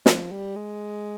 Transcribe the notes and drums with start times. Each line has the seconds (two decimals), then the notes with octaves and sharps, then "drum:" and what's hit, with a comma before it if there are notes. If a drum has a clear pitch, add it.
0.06 F3, drum: snare
0.31 G3
0.56 G#3